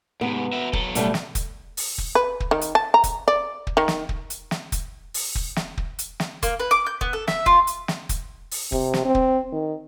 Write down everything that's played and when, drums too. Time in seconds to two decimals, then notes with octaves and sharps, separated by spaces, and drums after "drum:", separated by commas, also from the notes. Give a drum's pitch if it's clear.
0.21 G#2 C3 B3
0.53 F#4 E5
0.73 F#3 A4, drum: kick
0.95 B2 G3 A3, drum: hi-hat
1.14 drum: snare
1.35 drum: kick, hi-hat
1.77 drum: open hi-hat
1.98 drum: kick
2.15 B4
2.40 drum: kick
2.51 D#3
2.61 drum: hi-hat
2.75 A5
2.94 A#5
3.04 drum: kick, hi-hat
3.28 D5
3.67 drum: kick
3.77 D#3
3.88 drum: snare
4.09 drum: kick
4.30 drum: hi-hat
4.51 drum: snare
4.72 drum: kick, hi-hat
5.14 drum: open hi-hat
5.35 drum: kick
5.56 drum: snare
5.78 drum: kick
5.99 drum: hi-hat
6.20 drum: snare
6.43 A#3, drum: kick, hi-hat
6.60 B4
6.71 D6
6.86 G6
7.01 B3, drum: kick
7.13 A4
7.28 E5, drum: snare
7.46 F4, drum: kick
7.67 drum: hi-hat
7.88 drum: snare
8.09 drum: kick, hi-hat
8.51 drum: open hi-hat
8.72 C3, drum: kick
8.94 drum: snare
9.05 C4
9.15 drum: kick
9.52 D#3